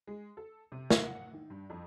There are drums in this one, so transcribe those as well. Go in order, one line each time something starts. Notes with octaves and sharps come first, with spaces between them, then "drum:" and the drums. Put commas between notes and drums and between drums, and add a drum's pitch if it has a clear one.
G#3
A4
C3
F#3, drum: snare
F#5
D#3
G2
F2